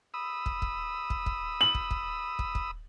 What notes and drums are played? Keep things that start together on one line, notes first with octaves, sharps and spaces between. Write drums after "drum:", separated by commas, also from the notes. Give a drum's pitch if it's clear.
B5 D#6 E6
drum: kick
drum: kick
drum: kick
drum: kick
F#7
drum: kick
drum: kick
drum: kick
drum: kick